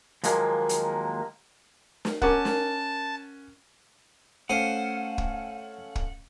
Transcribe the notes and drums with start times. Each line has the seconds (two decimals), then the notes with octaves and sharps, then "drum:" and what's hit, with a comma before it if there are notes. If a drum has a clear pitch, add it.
0.24 D#2 F3 F#3 G#3 A#3, drum: hi-hat
0.69 drum: hi-hat
2.05 drum: snare
2.22 C#4 A#4 F#5 A5 A#5 D6, drum: kick
2.45 drum: snare
4.49 A3 C#4 C5 F5 F#5 D#6
5.18 drum: kick
5.96 drum: kick